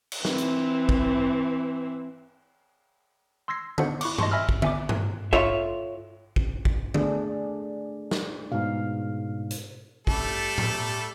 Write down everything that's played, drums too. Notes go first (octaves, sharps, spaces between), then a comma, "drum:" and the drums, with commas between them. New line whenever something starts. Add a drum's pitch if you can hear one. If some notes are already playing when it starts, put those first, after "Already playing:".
drum: cymbal
E3 C4, drum: snare
drum: hi-hat
drum: kick
C6 E6 G#6 A#6 C7
D4 D#4 F#4 A4 C5 F#5, drum: tom D3
E4 C#6 D6, drum: cymbal
D#5 A5 C6 C#6, drum: tom G2
D#5 E5 G#5 B5 E6 F6
drum: kick
E5 G#5 D6, drum: tom D3
drum: tom G2
F4 A4 C#5 E5, drum: kick
drum: kick
drum: kick
A3 D4 G#4, drum: tom D3
drum: snare
G#2 B2 F5
drum: hi-hat
G3 A3 A4, drum: kick
drum: tom A2